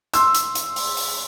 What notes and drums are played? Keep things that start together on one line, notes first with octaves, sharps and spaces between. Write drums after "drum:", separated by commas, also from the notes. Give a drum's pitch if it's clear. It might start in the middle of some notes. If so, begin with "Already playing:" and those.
C6 E6, drum: hi-hat
drum: hi-hat
drum: hi-hat
drum: open hi-hat
drum: open hi-hat